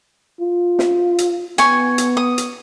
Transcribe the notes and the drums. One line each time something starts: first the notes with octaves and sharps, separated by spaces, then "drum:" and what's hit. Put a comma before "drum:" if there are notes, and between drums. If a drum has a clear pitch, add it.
F4
drum: snare
drum: hi-hat
B3 G#5 C#6, drum: hi-hat
drum: hi-hat
D#6
drum: hi-hat